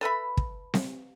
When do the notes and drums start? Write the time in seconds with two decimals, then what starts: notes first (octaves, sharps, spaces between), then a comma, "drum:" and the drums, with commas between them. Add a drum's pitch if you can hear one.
0.01 A4 B4 E5 B5
0.37 drum: kick
0.74 drum: snare C4